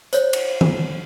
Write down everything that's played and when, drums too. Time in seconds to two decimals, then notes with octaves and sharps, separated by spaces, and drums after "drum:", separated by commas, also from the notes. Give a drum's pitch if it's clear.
0.13 C5 C#5, drum: hi-hat
0.33 drum: cymbal
0.61 drum: tom D#3